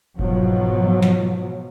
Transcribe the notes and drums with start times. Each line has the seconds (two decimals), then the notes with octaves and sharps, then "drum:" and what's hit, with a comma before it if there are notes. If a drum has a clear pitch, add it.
0.19 G#2 B2 F3 F#3, drum: kick F1
1.02 drum: snare